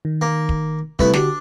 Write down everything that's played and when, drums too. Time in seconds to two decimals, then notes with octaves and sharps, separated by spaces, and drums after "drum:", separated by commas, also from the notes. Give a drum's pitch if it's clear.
0.05 D#3
0.21 A#3
0.49 drum: kick
0.99 C3 G3 A3 B3 E4, drum: kick
1.13 D3 D4 F#4 G4, drum: snare